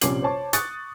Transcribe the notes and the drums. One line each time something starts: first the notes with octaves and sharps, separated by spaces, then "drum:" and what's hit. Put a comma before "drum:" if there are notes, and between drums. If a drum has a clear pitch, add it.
A#1 C3 C#4 D6 C7 F#7, drum: hi-hat
C5 C#5 A5 C#6
C#6 D#6 F#6 A6 C#7, drum: hi-hat